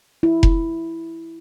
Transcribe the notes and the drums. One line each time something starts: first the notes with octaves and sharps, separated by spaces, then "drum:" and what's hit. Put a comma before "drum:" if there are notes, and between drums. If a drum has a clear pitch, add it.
E4
drum: kick F1